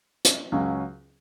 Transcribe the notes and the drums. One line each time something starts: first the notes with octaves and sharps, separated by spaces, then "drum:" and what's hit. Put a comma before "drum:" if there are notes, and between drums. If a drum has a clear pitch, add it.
drum: hi-hat
C#2 C#3 F#3 C#4